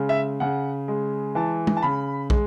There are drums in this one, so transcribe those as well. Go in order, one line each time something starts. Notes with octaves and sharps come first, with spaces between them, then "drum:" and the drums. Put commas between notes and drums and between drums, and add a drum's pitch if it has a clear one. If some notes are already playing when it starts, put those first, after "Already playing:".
Already playing: C#3 G#3
E5
C#3 F#5
G#3
E3 A5
drum: tom
A5
C#3 B5
G#3, drum: kick